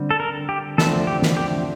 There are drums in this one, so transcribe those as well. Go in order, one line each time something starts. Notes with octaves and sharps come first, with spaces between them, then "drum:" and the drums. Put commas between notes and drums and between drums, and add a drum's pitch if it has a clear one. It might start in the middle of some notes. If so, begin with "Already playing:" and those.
Already playing: D3 G3 C4
A4
A#4
G4
D3 F3 A3 C4 A4, drum: snare
G4
drum: snare
G4